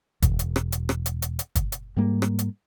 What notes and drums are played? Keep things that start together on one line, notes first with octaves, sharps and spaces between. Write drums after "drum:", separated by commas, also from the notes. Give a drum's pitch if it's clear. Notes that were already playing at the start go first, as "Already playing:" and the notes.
E1, drum: kick, hi-hat
drum: hi-hat
drum: rim click
drum: hi-hat
drum: rim click
drum: hi-hat
drum: hi-hat
drum: hi-hat
drum: kick, hi-hat
drum: hi-hat
G#2 G3 A#3
drum: rim click
drum: hi-hat